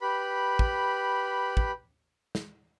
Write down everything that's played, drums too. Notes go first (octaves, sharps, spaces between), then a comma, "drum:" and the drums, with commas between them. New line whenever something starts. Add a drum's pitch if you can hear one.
G4 B4 B5
drum: kick
drum: kick
drum: snare